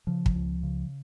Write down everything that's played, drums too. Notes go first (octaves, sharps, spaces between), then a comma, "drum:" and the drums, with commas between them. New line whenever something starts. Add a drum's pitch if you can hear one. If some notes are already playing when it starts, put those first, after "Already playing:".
C#3 F3
drum: kick
C#2
C#3